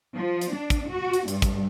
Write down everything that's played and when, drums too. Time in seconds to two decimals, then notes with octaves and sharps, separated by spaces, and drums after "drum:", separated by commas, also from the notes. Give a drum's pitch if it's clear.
0.14 F3
0.41 drum: hi-hat
0.52 D4
0.70 drum: kick, hi-hat
0.91 F#4
1.13 drum: hi-hat
1.28 G2, drum: hi-hat
1.42 drum: kick, hi-hat